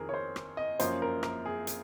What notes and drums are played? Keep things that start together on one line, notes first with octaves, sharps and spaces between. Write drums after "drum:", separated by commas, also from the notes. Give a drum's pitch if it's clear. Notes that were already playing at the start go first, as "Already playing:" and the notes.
Already playing: F2 D#3 G#4 A#4
C#5
C5
drum: rim click
D#5
F#2 F3 A#3 C#4 C5, drum: hi-hat
A#4
A#4, drum: rim click
G#4
drum: hi-hat